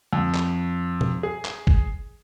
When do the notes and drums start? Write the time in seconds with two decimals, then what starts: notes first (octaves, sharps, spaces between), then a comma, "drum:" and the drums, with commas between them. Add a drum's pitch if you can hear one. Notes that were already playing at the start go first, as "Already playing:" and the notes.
0.13 F2
0.35 drum: clap
1.01 drum: tom B2
1.23 G#4
1.45 drum: clap
1.67 drum: kick G1